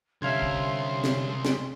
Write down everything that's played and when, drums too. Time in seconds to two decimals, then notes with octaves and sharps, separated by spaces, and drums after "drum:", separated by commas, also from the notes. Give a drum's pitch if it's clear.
0.22 C2 D3 G3 C#4 E5 F5 C6 G#6
0.42 drum: kick
1.04 drum: snare
1.45 drum: snare